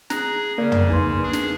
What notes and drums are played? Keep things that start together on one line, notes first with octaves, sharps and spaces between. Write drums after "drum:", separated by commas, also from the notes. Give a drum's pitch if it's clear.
G#4 A#5 F#6, drum: snare
C#3 A#3 D5
drum: tom
D#4 B4 C6, drum: kick
D4 G#4
drum: snare